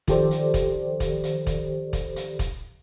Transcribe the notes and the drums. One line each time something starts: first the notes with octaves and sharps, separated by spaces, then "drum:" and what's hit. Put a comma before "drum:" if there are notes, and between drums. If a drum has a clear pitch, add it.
D#3 F3 G4 A4 C5 D5, drum: kick, hi-hat
drum: hi-hat
drum: kick, hi-hat
drum: kick, hi-hat
drum: hi-hat
drum: kick, hi-hat
drum: kick, hi-hat
drum: hi-hat
drum: kick, hi-hat